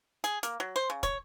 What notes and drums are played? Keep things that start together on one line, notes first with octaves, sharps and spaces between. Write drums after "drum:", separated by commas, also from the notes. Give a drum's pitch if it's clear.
G#4, drum: hi-hat
A#3, drum: hi-hat
F#3
C5
C#3
C#5, drum: kick, hi-hat